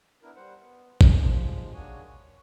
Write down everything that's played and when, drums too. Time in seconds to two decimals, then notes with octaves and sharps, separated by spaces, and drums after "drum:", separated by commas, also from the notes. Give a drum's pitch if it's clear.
0.23 B3 D4 E4 A#4
0.36 G3 C5 F#5
0.62 B3
1.01 D#2 F3 G#3, drum: kick G#1
1.73 A#3 D4 F#4 G#4 C#5 G#5
2.06 C#5